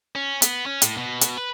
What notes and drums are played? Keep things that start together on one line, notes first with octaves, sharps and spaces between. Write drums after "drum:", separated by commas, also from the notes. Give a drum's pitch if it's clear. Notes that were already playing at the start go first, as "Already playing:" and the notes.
C#4
B3, drum: hi-hat
C#4
A2, drum: hi-hat
B2
drum: hi-hat
B4